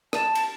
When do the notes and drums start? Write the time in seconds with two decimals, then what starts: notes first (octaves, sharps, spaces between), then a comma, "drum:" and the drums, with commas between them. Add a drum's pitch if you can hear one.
0.13 A5, drum: rim click
0.35 drum: cymbal